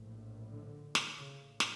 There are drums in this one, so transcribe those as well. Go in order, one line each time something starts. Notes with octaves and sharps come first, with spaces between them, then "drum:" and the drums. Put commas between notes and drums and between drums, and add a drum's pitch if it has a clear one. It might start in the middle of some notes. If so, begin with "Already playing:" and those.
Already playing: A#1 A2
D3
drum: snare
A1 A2 C#3
drum: snare